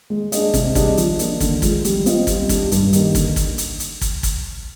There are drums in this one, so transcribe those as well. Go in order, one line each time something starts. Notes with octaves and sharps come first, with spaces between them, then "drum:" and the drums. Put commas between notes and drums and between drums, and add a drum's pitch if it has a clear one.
G#3
D4 G#4 D#5, drum: hi-hat
C3, drum: kick, hi-hat
G3 D4 G#4 D#5, drum: kick, hi-hat
F3, drum: hi-hat
A#3 D4, drum: hi-hat
D3, drum: kick, hi-hat
F3 G#3, drum: kick, hi-hat
G3, drum: hi-hat
C4 F4 C5 D#5, drum: hi-hat
G3, drum: kick, hi-hat
D4 G4, drum: kick, hi-hat
G2, drum: hi-hat
D#3 A#3 D#4 G4, drum: hi-hat
D3, drum: kick, hi-hat
drum: kick, hi-hat
drum: hi-hat
drum: hi-hat
drum: kick, hi-hat
drum: kick, hi-hat